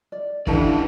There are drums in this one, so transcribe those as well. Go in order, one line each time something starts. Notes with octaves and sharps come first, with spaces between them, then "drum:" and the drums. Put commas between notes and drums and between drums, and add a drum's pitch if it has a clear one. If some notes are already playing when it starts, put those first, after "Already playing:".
D5
D3 E3 C#4 G4 D5 F5 G5 A5, drum: kick